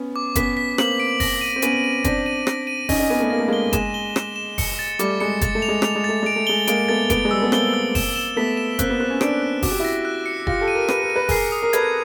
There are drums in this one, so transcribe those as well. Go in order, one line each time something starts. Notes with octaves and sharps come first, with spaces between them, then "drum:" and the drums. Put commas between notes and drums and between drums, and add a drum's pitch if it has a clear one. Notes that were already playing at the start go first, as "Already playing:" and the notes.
Already playing: B3 C#4
D6
B3 C#4 B6, drum: kick F#1, hi-hat
B6
A#3 C4 F#7, drum: rim click
D7
A#6, drum: kick F#1, open hi-hat
D#7
C4
B3 C#4 D#7, drum: hi-hat
D#7
C4 D4 A#6, drum: kick F#1, hi-hat
D#7
A#6, drum: rim click
D#7
C#4 D#4 A#6, drum: kick F#1, open hi-hat
C#4 D#4
B3 C#4 D#7
A3 B3
A#3 A#6
A3
G#3 A#3 G7
G#3 E7, drum: kick F#1, hi-hat
G7
E7, drum: rim click
E7
C#7, drum: kick F#1, open hi-hat
A6
G3 A3 D6, drum: hi-hat
G#3 C#7
G#3 A6, drum: kick F#1, hi-hat
A3
F7
G#3
A3 F7, drum: rim click
G#3
A3 A6
G#3 D7
A3
G#3 G7
G#3 A#3 D7, drum: hi-hat
A3 B3 A6
A3 B3 D7, drum: kick F#1, hi-hat
G#3
G3 A3 E6
A3 B3
A#3 C4 G7, drum: rim click
E6
E7, drum: kick F#1, open hi-hat
E7
A3 B3 B6
E7
A#3 C4 F#6, drum: kick F#1, hi-hat
B3
C4 F#6
C#4
C4 D4 D7, drum: rim click
F#6
F#4 D6, drum: kick F#1, open hi-hat
G4
E4 F#4 A#6
F#6
C#7
F4 G4 A#6, drum: kick F#1
G4 A4
D#7
A#4
B4 D#7, drum: rim click
A#4
D#7
B4
G#4 A#4 C7, drum: kick F#1, open hi-hat
D#6
A#4
A4 B4 G#6, drum: hi-hat